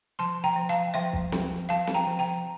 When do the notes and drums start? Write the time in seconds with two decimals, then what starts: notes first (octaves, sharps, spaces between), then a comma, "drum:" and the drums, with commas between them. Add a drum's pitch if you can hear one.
0.19 F3 A5 C6
0.44 G5 A#5
0.56 F3
0.69 F5 A5
0.94 F3 E5 G5
1.13 drum: kick
1.32 F3, drum: snare
1.69 F3 F5 A5
1.87 A5, drum: snare
1.94 G5 A#5
2.07 F3
2.19 G5 A#5